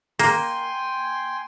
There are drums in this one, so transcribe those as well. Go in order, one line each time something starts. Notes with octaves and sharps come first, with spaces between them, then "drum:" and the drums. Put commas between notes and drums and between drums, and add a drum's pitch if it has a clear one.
A#3 G5 G#5 C6, drum: open hi-hat